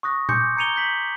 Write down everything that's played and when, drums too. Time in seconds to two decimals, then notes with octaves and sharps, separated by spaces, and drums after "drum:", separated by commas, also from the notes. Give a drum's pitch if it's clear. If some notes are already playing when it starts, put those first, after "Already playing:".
0.03 C#6 D#6 F#6 A#6
0.29 G#5 C6 D6 G6 C#7, drum: tom A#2
0.57 A#5 G#6 C#7 D#7 F7 G7
0.76 G6 B6 F#7